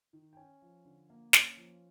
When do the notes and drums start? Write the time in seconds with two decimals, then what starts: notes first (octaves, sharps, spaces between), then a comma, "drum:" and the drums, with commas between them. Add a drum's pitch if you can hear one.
0.13 D#3
0.33 G5
0.37 C#4 G#5
0.62 F3
0.85 D3
1.10 A#3
1.33 C#4, drum: snare
1.57 F3